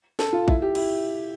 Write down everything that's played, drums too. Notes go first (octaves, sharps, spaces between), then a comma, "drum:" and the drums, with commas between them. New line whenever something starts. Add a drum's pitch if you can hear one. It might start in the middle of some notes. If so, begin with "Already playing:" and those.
A4, drum: snare
F4
E4, drum: kick A1
G4
E4, drum: cymbal